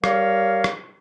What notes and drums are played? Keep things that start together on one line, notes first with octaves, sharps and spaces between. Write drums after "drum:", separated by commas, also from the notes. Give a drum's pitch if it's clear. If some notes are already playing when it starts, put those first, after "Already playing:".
G3 G4 A#4 C#5 F5, drum: rim click
drum: rim click